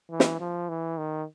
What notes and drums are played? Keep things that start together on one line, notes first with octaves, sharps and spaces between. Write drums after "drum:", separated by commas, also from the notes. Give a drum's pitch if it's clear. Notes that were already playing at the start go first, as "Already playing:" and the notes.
E3
drum: snare
F3
E3
D#3